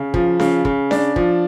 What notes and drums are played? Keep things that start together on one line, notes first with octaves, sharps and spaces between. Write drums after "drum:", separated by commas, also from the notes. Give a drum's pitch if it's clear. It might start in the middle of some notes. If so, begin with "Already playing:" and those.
Already playing: C#3
F3, drum: kick
C#3, drum: snare C#4
C#3, drum: kick
D4, drum: snare C#4
F3, drum: kick